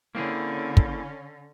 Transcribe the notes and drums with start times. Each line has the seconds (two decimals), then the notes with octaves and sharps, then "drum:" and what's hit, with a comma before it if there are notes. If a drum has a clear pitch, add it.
0.15 D3 A#3 C4 C#4 E4 G#4
0.77 drum: kick